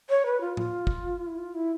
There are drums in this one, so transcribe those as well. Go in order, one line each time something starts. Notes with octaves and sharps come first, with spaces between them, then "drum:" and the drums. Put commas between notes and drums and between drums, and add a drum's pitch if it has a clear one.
C#5
B4
F4
F4, drum: tom A2
drum: kick
E4
F4
E4